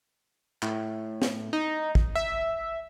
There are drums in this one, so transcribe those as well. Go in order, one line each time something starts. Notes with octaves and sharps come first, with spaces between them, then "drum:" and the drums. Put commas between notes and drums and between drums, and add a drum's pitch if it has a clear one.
A2, drum: clap
drum: snare
D#4
drum: kick
E5